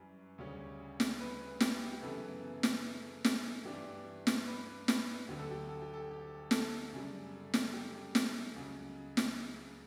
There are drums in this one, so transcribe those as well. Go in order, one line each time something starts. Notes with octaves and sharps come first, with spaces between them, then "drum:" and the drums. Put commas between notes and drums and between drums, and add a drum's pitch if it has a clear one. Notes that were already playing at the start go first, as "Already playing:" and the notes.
Already playing: F#2 E3 G3
D2 C#3 G3 C#4
drum: snare
B4
G4, drum: snare
G4
F#2 C#3 E3 B3 A4
drum: snare
drum: snare
G2 E3 G3 D4 G4
drum: snare
B4
B4, drum: snare
D2 D3 F#3 G4
A4
G4
A4
G4
A4
G4
A4, drum: snare
F#2 C#3 G3
drum: snare
G4
drum: snare
C#2 C#3 F#3
drum: snare